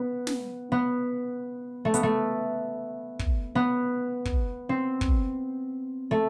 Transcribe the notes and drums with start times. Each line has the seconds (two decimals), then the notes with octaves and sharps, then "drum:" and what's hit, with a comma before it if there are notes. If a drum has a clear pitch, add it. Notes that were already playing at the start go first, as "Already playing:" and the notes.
Already playing: B3
0.27 drum: snare
0.72 B3
1.85 A3
1.94 B3, drum: hi-hat
2.03 A3
3.19 drum: kick
3.55 B3
4.25 drum: kick
4.69 C4
5.01 drum: kick
6.11 A3